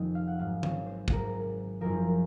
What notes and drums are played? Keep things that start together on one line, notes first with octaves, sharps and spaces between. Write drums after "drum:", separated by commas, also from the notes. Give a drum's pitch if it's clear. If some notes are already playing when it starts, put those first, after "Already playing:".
Already playing: F1 F2 D#3 D#5
F5
F#5
G#1 G#2 F#3 F5
C#5, drum: tom D#3
C5
G#1 G#2 F#3 A#4, drum: kick
F#1 F#2 F3 A#4